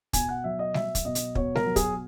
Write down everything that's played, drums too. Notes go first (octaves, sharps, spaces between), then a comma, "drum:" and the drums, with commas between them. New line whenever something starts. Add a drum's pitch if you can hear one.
B2 G#5, drum: kick, hi-hat
F#5
F#3 E5
D#5
F#3 E5, drum: snare G3
drum: kick, hi-hat
B2 D#5
drum: hi-hat
B2 C#5, drum: kick
A#4, drum: snare G3
F#3
G#4, drum: kick, hi-hat